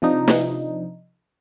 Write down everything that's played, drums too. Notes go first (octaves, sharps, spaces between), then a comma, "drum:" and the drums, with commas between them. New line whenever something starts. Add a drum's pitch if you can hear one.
C3 F3 D4 D#4
drum: snare